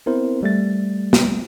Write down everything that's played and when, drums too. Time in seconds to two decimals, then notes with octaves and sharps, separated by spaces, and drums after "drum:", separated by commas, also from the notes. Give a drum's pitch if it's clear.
0.06 B3 C4 E4 A#4 C5
0.43 G3 A3 A6
1.13 drum: snare